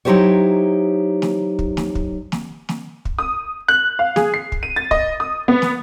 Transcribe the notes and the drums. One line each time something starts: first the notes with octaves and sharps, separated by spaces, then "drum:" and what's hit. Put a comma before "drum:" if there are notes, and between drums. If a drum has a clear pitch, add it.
F#3 D#4 E4 G4 C5 C#5
drum: snare
drum: kick
drum: snare
drum: kick
drum: snare
drum: snare
drum: kick
D#6
F#6
F5
G#4, drum: snare
C7
drum: kick
D#7
A6
D#5, drum: kick
D#6
B3
drum: snare